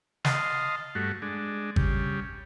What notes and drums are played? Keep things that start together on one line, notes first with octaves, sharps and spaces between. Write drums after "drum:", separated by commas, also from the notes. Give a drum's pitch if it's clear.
D#5 F5 A5 C6, drum: snare
G2 A3 F#4
G#3 D4
C#3 G3, drum: kick G#1